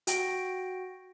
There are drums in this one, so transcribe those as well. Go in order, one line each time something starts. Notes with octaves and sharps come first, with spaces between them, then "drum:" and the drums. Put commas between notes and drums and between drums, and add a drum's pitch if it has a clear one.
F#4 G5 A#6 D7, drum: hi-hat